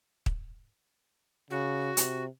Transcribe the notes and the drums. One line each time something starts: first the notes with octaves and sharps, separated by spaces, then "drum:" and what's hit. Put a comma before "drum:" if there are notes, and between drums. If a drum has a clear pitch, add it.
drum: kick
C#3 F#4
C3, drum: hi-hat